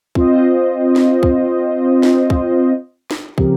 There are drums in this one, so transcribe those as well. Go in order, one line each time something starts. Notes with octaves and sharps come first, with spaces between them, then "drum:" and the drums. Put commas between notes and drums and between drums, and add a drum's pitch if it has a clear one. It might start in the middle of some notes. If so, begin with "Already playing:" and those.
C4 F4 C5 D#5, drum: kick
drum: snare
drum: kick
drum: snare
drum: kick
drum: snare
C#3 F3 C4 G4 A#4, drum: kick